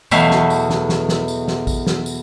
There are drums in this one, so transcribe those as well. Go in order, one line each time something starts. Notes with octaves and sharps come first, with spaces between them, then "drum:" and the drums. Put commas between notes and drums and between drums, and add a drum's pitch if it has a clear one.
E2 B2 F#3 A3 E5 F5, drum: tambourine
drum: snare
drum: tambourine
drum: snare
drum: snare
drum: snare
drum: tambourine
drum: snare
drum: kick, tambourine
drum: snare
drum: tambourine